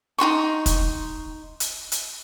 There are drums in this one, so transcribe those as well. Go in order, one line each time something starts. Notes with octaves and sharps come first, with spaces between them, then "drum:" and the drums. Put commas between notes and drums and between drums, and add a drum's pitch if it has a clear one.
D#4 F#4 C6 C#6
drum: kick, hi-hat
drum: hi-hat
drum: hi-hat